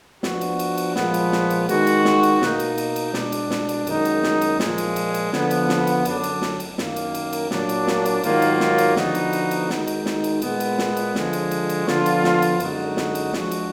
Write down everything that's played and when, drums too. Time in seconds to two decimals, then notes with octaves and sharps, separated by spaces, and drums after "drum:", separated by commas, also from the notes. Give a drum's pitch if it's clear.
0.23 F3 B3 D4 F#4, drum: snare
0.41 drum: cymbal
0.59 drum: cymbal
0.78 drum: cymbal
0.96 A#2 F3 G#3 B3, drum: snare
1.14 drum: cymbal
1.32 drum: snare
1.50 drum: cymbal
1.69 D#3 G#3 D#4 F#4, drum: cymbal
1.87 drum: cymbal
2.05 drum: snare
2.23 drum: cymbal
2.42 B2 A#3 D#4, drum: snare
2.60 drum: cymbal
2.78 drum: cymbal
2.96 drum: cymbal
3.14 B2 G#3 D4, drum: snare
3.32 drum: cymbal
3.51 drum: snare
3.69 drum: cymbal
3.87 F#2 D#3 G#3 D#4 F#4, drum: cymbal
4.05 drum: cymbal
4.23 drum: snare
4.42 drum: cymbal
4.60 A#2 F3 G#3, drum: snare
4.78 drum: cymbal
4.96 drum: cymbal
5.14 drum: cymbal
5.33 D3 F3 B3, drum: snare
5.51 drum: cymbal
5.69 drum: snare
5.87 drum: cymbal
6.05 F#2 D3 F#3 D4, drum: cymbal
6.23 drum: cymbal
6.42 drum: snare
6.60 drum: cymbal
6.78 F#2 D#3 A#3, drum: snare
6.96 drum: cymbal
7.14 drum: cymbal
7.33 drum: cymbal
7.51 A#2 F#3 A#3 D4, drum: snare
7.69 drum: cymbal
7.87 drum: snare
8.05 drum: cymbal
8.24 G#2 D#3 F#3 A#3 F4, drum: cymbal
8.42 drum: cymbal
8.60 drum: snare
8.78 drum: cymbal
8.96 D3 F3 B3 D#4 F#4, drum: snare
9.15 drum: cymbal
9.33 drum: cymbal
9.51 drum: cymbal
9.70 D#3 G#3 D#4 F#4, drum: snare
9.87 drum: cymbal
10.06 drum: snare
10.24 drum: cymbal
10.42 A#2 G#3 B3, drum: cymbal
10.60 drum: cymbal
10.78 drum: snare
10.97 drum: cymbal
11.15 D3 F3 G#3, drum: snare
11.33 drum: cymbal
11.51 drum: cymbal
11.69 drum: cymbal
11.87 D3 F3 B3 F4, drum: snare
12.06 drum: cymbal
12.24 drum: snare
12.42 drum: cymbal
12.60 F#2 D3 G#3 D#4 F#4, drum: cymbal
12.97 drum: snare
13.15 drum: cymbal
13.33 F3 G#3 D4 F#4, drum: snare
13.51 drum: cymbal